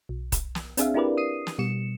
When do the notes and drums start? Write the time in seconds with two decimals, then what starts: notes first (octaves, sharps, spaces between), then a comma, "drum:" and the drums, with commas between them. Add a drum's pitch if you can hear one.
0.09 B1
0.32 drum: kick D#1, hi-hat
0.55 drum: snare
0.77 C4 D4 G#4 E5 F5, drum: hi-hat
0.94 D4 E4 G4 A#4 B4 D5
1.17 D#6 C7 D#7
1.47 drum: snare
1.59 B2 G3 C#7 E7